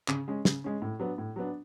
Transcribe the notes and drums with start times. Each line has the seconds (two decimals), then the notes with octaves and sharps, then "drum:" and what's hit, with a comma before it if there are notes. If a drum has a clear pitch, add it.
0.08 C#3, drum: clap
0.28 G#3 C#4
0.45 C#3, drum: snare
0.64 G#3 C#4
0.82 A2
1.00 F#3 B3 D4
1.18 A2
1.36 F#3 B3 D4